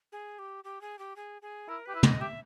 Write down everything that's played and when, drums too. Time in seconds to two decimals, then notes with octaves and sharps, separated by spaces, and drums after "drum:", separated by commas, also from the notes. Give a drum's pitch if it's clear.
0.12 G#4
0.39 G4
0.64 G4
0.81 G#4
0.99 G4
1.16 G#4
1.42 G#4
1.68 E4 A#4
1.86 G4 B4
1.94 E4
2.03 D#5, drum: tom
2.21 G4 E5